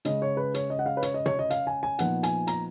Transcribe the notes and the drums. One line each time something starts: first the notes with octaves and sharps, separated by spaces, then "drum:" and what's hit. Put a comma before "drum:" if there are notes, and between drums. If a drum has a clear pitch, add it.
C#3 G#3 C#4 D#5, drum: hi-hat
C#5
B4
C#5, drum: hi-hat
D#5
F#5
F5
B4
C#5, drum: hi-hat
D#5
C#5, drum: tom
D#5
F5, drum: hi-hat
G#5
G#5
A#2 F3 B3 D#4 F#5, drum: hi-hat
G#5, drum: hi-hat
A#5, drum: hi-hat